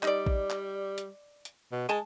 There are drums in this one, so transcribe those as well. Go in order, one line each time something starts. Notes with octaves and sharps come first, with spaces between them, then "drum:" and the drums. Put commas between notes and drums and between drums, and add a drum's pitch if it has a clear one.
G3 D#4 D5, drum: clap
drum: kick
drum: clap
drum: hi-hat
drum: hi-hat
B2
G#3 G#5 A5